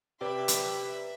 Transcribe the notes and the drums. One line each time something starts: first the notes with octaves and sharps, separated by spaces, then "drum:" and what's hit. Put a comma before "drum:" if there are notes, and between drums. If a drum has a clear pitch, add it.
C3 G4 B4 D5 E5 B5
drum: hi-hat